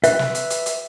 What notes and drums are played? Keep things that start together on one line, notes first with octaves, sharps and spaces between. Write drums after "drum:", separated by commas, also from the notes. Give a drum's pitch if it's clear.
B4 E5, drum: hi-hat
drum: snare
drum: hi-hat
drum: hi-hat
drum: hi-hat